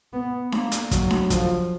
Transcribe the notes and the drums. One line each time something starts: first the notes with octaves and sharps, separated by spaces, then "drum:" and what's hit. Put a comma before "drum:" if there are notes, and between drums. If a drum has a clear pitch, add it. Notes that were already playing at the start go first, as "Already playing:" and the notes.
B3
A#3, drum: snare D4
drum: hi-hat
F#3, drum: kick, hi-hat
drum: snare D4
F3, drum: kick, hi-hat